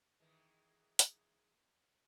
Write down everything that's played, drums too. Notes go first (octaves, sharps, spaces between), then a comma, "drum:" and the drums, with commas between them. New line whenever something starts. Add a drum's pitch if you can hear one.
D#3 E3 G#3
drum: hi-hat